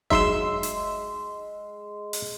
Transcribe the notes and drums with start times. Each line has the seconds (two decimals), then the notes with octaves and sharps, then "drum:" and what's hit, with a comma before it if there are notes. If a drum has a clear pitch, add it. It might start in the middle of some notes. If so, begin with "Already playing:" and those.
0.10 F#3 G#3 D#4 E5 C6 E6, drum: kick F#1
0.63 drum: hi-hat
2.13 drum: open hi-hat